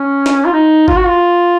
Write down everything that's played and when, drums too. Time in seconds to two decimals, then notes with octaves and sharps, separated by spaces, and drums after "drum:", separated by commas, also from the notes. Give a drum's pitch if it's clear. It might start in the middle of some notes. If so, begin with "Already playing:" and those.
Already playing: C#4
0.26 drum: snare
0.46 F4
0.53 D#4
0.88 F4, drum: kick G#1
0.97 F#4
1.06 F4